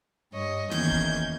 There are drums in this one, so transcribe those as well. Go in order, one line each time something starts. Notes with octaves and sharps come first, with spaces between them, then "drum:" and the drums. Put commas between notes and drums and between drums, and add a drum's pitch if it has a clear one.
G2 C#5 D#5
E2 D#3 A#3 C#4 G6 G#6, drum: snare
drum: kick